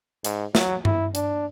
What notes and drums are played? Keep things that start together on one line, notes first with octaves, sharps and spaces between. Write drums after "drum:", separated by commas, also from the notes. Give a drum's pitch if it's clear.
G#2, drum: hi-hat
F#3, drum: snare
E4, drum: tom G2
D4, drum: hi-hat